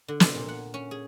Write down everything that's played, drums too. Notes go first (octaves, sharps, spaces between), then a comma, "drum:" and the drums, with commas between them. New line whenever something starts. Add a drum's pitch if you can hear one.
D3
C3, drum: snare
A#2
F#5
C#4
G#4